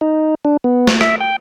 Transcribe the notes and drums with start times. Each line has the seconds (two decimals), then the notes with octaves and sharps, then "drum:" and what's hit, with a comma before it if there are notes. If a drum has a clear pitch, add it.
0.01 D#4
0.45 D4
0.64 B3
0.87 drum: snare
1.01 E5, drum: rim click
1.21 G5